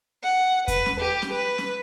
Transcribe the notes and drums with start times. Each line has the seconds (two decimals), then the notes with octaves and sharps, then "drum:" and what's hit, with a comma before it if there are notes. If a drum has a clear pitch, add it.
0.23 F#5
0.68 B4, drum: kick E2, hi-hat
0.86 drum: snare
1.00 G4
1.22 drum: snare
1.33 B4
1.58 drum: snare